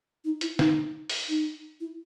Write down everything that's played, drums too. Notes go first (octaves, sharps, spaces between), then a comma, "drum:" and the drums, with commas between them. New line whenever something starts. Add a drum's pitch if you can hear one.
D#4
E4, drum: hi-hat
D#4, drum: snare
drum: open hi-hat
D#4
E4